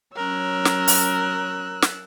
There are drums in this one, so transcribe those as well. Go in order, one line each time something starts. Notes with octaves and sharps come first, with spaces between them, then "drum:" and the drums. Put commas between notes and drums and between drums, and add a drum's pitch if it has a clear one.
F#3 C#4 A#4 C#5 E6 F#6
drum: snare
drum: open hi-hat
drum: snare